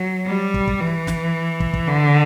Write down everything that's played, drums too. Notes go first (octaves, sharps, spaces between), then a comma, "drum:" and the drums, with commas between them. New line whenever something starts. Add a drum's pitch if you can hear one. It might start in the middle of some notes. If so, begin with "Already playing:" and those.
Already playing: F#3
G3
drum: kick
drum: kick
E3
drum: snare
drum: kick
drum: kick
D3